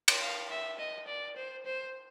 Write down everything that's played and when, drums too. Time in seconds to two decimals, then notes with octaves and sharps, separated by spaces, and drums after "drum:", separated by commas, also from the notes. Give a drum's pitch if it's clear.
0.08 drum: cymbal
0.21 F5
0.51 E5
0.79 D#5
1.08 D5
1.36 C5
1.66 C5